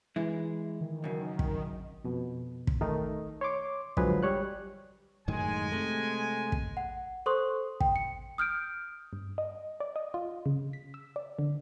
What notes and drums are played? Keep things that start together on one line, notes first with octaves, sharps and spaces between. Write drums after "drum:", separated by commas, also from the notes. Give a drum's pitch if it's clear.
E3 G#3 E4
D#3
F#2 C#3
drum: kick
F2 B2
drum: kick
D#3 A3 D#4
C#5 C6 D6
D3 F3 F#3 G#3 G#4 B4, drum: kick
G3 C#5 F#6
F#2 A2 D#3 G#3 G#5
C3 A3
drum: kick
F#5
A4 C5 C6 C#6 D#6
G5, drum: kick
C#7
D#6 F6 G6 D7
G2
D#5
D5
D#5
F4
C#3
B6
E6
D5
D3